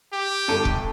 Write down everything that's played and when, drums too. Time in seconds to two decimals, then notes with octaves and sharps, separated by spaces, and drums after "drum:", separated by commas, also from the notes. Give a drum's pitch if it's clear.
0.13 G4
0.48 G1 A4 D#7
0.65 drum: kick